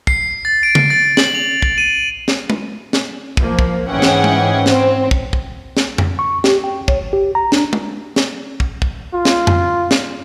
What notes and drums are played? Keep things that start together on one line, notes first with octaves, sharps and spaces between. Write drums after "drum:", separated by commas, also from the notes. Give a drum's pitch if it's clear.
C7, drum: kick
A6
D7
drum: tom
A6
F#7, drum: snare
F7
drum: kick
D#7
drum: snare
drum: tom
drum: snare
F3 A#3, drum: kick
drum: kick
G#2 E3 C#4 G#4 F#5 G5
drum: snare
drum: tom
C4, drum: snare
drum: kick
drum: kick
drum: snare
drum: tom F2
C#6
G4, drum: snare
G5
C#5, drum: kick
G#1
G4
A#5
D4, drum: snare
drum: tom
drum: snare
drum: kick
drum: kick
F4
drum: snare
drum: tom F2
drum: snare